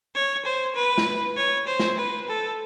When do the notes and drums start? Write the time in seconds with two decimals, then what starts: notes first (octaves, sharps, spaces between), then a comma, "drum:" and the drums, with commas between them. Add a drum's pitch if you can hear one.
0.15 C#5
0.45 C5
0.76 B4
0.98 drum: snare
1.37 C#5
1.67 C5
1.80 drum: snare
1.98 B4
2.28 A4